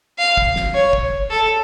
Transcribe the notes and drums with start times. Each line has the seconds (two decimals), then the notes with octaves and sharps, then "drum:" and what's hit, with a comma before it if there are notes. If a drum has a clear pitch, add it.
0.19 F5
0.37 drum: kick
0.56 drum: snare
0.74 C#5
0.93 drum: kick
1.31 A4